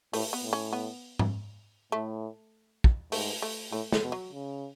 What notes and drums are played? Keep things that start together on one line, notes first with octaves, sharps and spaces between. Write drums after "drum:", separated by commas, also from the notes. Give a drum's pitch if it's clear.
A2 A3, drum: open hi-hat
B3
A2
C#4
B3
drum: tom G#2
A2 A3
drum: kick
G#2 A3, drum: open hi-hat
A3
A2 A3
G#3, drum: snare
B2
F#3
C#3